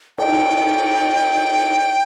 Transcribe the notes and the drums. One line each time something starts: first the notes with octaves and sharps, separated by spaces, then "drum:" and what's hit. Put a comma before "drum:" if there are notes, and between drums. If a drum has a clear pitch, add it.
G5, drum: cymbal